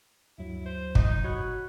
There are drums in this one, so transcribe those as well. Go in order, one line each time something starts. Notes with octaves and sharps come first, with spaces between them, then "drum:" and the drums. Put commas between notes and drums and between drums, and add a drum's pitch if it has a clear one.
D2 G2 F#3 E4
C5
D#4, drum: kick
F#4 C#5 B5 F#6